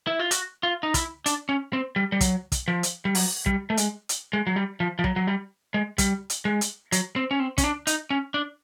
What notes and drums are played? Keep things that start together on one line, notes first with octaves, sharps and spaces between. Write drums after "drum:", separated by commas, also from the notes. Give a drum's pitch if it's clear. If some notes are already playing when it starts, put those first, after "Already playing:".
E4
F4
F#4, drum: hi-hat
F4
D#4
E4, drum: kick, hi-hat
D4, drum: hi-hat
C#4
C4
G3
G3
F#3, drum: kick, hi-hat
drum: kick, hi-hat
F3
drum: hi-hat
G3
F#3, drum: open hi-hat
G3, drum: kick
A3
G#3, drum: hi-hat
drum: hi-hat
G#3
F#3
G3
F3
F3
F#3, drum: kick
F#3
G3
G#3
G3, drum: kick, hi-hat
drum: hi-hat
G#3
drum: hi-hat
F#3, drum: hi-hat
C4
C#4
C4
C#4, drum: kick, hi-hat
D4
D#4, drum: hi-hat
C#4
D4